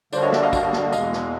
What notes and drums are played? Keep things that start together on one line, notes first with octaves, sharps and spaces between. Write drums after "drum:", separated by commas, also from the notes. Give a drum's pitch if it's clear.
D3 G3 A#3 D4 F#4 C5 D5, drum: tambourine
C#5 D#5
D5 E5, drum: snare
D#5 F5
drum: kick, tambourine
drum: snare
E2 B2 G#3 D#5 F5, drum: tambourine
drum: snare